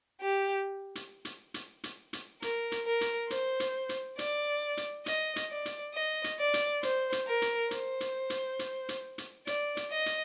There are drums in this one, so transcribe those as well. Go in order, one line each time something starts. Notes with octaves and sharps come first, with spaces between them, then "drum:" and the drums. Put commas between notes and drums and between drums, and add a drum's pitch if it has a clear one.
G4
drum: hi-hat
drum: hi-hat
drum: hi-hat
drum: hi-hat
drum: hi-hat
A#4, drum: hi-hat
drum: hi-hat
A#4
drum: hi-hat
C5, drum: hi-hat
drum: hi-hat
drum: hi-hat
D5, drum: hi-hat
drum: hi-hat
D#5, drum: hi-hat
drum: hi-hat
D5
drum: hi-hat
D#5
drum: hi-hat
D5
drum: hi-hat
C5, drum: hi-hat
drum: hi-hat
A#4
drum: hi-hat
C5, drum: hi-hat
drum: hi-hat
drum: hi-hat
drum: hi-hat
drum: hi-hat
drum: hi-hat
D5, drum: hi-hat
drum: hi-hat
D#5
drum: hi-hat